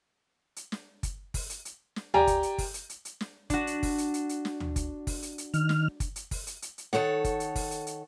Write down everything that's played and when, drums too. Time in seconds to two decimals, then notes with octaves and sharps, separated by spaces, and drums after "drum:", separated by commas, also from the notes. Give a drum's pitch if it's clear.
0.56 drum: hi-hat
0.72 drum: snare
1.03 drum: kick, hi-hat
1.34 drum: kick, open hi-hat
1.50 drum: hi-hat
1.65 drum: hi-hat
1.96 drum: snare
2.14 G4 D5 G5 G#5 A#5, drum: tom
2.27 drum: kick, hi-hat
2.43 drum: hi-hat
2.58 drum: kick, open hi-hat
2.74 drum: hi-hat
2.89 drum: hi-hat
3.05 drum: hi-hat
3.21 drum: snare
3.50 D4 F#4, drum: kick, hi-hat
3.67 drum: hi-hat
3.83 drum: kick, open hi-hat
3.98 drum: hi-hat
4.14 drum: hi-hat
4.29 drum: hi-hat
4.45 drum: snare
4.60 drum: tom
4.76 drum: kick, hi-hat
5.07 drum: kick, open hi-hat
5.22 drum: hi-hat
5.38 drum: hi-hat
5.54 D#3 F6, drum: hi-hat
5.69 drum: snare
6.00 drum: kick, hi-hat
6.16 drum: hi-hat
6.31 drum: kick, open hi-hat
6.47 drum: hi-hat
6.62 drum: hi-hat
6.78 drum: hi-hat
6.93 D#3 A4 C#5 F#5, drum: snare
7.24 drum: kick, hi-hat
7.40 drum: hi-hat
7.56 drum: kick, open hi-hat
7.71 drum: hi-hat
7.87 drum: hi-hat